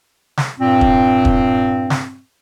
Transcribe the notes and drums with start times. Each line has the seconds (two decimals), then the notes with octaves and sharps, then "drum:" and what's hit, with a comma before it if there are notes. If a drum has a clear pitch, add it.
0.37 drum: snare
0.59 G2 A#2 C4
0.81 drum: kick
1.25 drum: kick
1.90 drum: snare